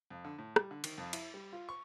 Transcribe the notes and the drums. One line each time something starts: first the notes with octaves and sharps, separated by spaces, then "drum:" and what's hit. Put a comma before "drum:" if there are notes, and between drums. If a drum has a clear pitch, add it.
F2
D3
A2
G3, drum: rim click
D3
D#3, drum: cymbal
F2
E4, drum: cymbal
G3
F4
C#6